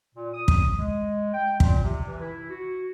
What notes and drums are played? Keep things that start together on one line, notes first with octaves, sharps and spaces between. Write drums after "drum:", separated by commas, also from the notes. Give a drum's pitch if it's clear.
A#2
D#6
drum: kick
G#3
G5
A#2, drum: kick
C3
E3
E4
F#4